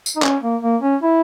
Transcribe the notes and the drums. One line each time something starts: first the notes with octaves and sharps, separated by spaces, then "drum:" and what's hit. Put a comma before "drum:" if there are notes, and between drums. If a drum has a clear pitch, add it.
drum: tambourine
D#4
C#4, drum: clap
A#3
A#3
C#4
E4